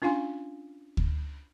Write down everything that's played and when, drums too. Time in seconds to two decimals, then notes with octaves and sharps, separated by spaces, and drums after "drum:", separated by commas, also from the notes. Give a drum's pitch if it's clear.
0.02 C#4 D4 F4 F5 G#5 C6
0.97 drum: kick D2